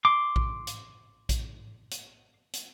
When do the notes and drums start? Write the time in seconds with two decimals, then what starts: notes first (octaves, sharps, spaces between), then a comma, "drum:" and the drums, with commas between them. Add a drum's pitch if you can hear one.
0.05 C6 D6
0.36 drum: kick A#1
0.67 drum: hi-hat
1.29 drum: kick A#1, hi-hat
1.91 drum: hi-hat
2.53 drum: hi-hat